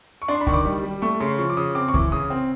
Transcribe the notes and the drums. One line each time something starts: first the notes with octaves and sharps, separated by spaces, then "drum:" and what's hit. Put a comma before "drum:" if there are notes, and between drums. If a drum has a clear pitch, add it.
C#6
D4 C6
B5
D#3 C#6, drum: kick C#2
D6
G3
G3
A3 C#6
C#3 C6
F3 C#6
D6
C#3 D#6
C4 D6
C#6
E3 D6, drum: kick C#2
C#3 D#6
C4